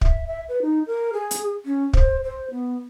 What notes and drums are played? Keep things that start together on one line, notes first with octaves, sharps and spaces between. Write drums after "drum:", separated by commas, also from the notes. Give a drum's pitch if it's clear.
E5, drum: kick
E5
B4
D#4
A#4
G#4
drum: hi-hat
C#4
C5, drum: kick
C5
B3